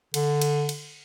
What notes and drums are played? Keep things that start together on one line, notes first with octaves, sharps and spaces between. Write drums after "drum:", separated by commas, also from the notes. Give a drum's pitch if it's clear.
D3, drum: cymbal
drum: cymbal
drum: cymbal